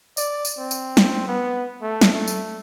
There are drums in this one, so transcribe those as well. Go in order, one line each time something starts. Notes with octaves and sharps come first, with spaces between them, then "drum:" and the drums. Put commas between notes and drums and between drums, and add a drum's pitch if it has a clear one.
D5, drum: tambourine
drum: tambourine
C4
drum: tambourine
drum: snare
B3
A3
drum: snare
A3
drum: tambourine